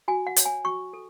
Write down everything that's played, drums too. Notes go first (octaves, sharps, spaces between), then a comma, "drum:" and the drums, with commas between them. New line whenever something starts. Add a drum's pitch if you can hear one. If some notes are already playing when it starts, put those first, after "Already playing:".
F#4 G#5
F#5
C#5, drum: hi-hat
G#5
F#4 C#6
A4